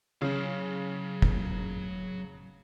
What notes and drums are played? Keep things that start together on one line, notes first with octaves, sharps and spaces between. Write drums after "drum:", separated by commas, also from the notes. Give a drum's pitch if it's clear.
C#3 F#3 F5
drum: kick